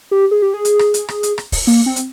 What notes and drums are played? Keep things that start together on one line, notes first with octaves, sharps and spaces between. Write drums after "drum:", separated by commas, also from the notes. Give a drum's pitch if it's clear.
G4
G#4
G4
G#4
drum: hi-hat
drum: rim click
drum: hi-hat
drum: rim click
drum: hi-hat
drum: rim click
drum: kick, open hi-hat
A#3, drum: open hi-hat
C4
drum: hi-hat